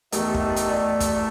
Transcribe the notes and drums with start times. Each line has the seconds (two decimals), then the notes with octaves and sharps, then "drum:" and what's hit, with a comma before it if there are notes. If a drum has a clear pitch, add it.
0.12 A1 E2 D#3 A3 G4, drum: hi-hat
0.34 drum: kick
0.56 drum: hi-hat
0.67 D5
1.00 drum: kick, hi-hat